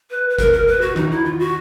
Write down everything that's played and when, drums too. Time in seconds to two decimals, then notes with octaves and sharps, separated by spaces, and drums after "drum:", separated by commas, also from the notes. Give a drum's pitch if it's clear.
0.10 B4
0.30 B4
0.39 A#4, drum: kick G1, hi-hat
0.53 A#4
0.67 B4
0.81 F#4
0.96 D#4, drum: tom D#3
1.11 E4
1.25 F4
1.39 F#4